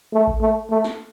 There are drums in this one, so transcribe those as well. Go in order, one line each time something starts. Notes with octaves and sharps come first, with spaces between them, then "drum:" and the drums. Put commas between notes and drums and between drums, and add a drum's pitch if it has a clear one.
A3
drum: kick A1
A3
A3
drum: snare